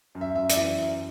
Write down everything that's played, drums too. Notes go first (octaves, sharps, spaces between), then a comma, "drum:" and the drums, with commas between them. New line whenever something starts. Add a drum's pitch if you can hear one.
F#2
E5
F#2 E5
D5, drum: hi-hat
E3 E5
F#2